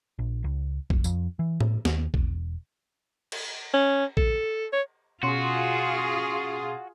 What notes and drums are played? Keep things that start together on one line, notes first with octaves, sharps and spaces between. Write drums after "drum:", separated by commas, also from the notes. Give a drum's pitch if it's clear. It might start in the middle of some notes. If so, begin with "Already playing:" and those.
A#1
C#2
F1, drum: kick A#1
F2, drum: tambourine
E3
A2, drum: tom A2
D#2, drum: snare
E1, drum: kick A#1
drum: cymbal
C#4
A4, drum: kick A#1
C#5
B2 C#4 F4 F#4 G#4 C6